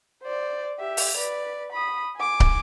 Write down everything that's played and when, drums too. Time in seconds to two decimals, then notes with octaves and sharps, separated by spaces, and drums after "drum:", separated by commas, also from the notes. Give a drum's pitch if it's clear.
0.23 C5 D5
0.79 G4 E5
0.97 drum: open hi-hat
1.17 B4 D5
1.73 B5 D#6
2.17 G#5 D6
2.40 drum: kick